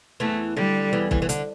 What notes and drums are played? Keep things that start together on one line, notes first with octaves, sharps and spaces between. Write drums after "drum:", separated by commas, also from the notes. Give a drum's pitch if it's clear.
E2 E3 A3
D3 G3
E2 E3
E2 E3, drum: kick
E3
D3, drum: hi-hat